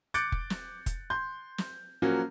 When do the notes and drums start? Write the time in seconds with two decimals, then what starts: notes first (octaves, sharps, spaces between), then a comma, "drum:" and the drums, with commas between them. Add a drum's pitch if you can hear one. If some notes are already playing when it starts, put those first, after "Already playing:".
0.14 D6 F#6 G6 A6 C#7 D7, drum: hi-hat
0.32 drum: kick F1
0.50 drum: snare
0.86 drum: kick F1, hi-hat
1.10 C6 G6
1.58 drum: snare
2.02 F3 F#3 A#3 C#4 F#4